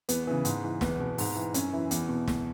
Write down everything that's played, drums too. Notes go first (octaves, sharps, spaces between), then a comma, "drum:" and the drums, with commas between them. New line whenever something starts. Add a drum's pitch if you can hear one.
E2 B3, drum: hi-hat
C#3 E3
G#2, drum: hi-hat
E3
E2 B3, drum: snare
B2
G#2, drum: open hi-hat
E3
F#2 C#4, drum: hi-hat
E3 E4
E2, drum: hi-hat
B2
drum: snare